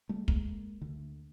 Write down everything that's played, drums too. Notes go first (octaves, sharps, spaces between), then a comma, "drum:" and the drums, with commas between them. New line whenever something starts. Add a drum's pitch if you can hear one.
G3 A3
G#3 A#3, drum: kick
D2 D3